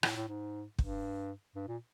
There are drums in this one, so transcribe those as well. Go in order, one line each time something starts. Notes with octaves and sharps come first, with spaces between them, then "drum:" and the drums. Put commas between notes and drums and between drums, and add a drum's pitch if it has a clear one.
A2, drum: rim click
A2
G#2
G2, drum: kick
G2
A#2